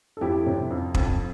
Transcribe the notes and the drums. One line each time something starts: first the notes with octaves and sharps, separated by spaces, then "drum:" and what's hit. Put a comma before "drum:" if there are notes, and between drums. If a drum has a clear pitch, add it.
A4
F2 E4 G4
C3
F2
F2, drum: kick